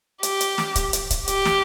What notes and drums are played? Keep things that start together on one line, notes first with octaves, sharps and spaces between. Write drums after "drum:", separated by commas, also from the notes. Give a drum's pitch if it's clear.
G4, drum: hi-hat
drum: hi-hat
drum: snare
drum: kick, hi-hat
drum: hi-hat
drum: kick, hi-hat
G4, drum: hi-hat
drum: snare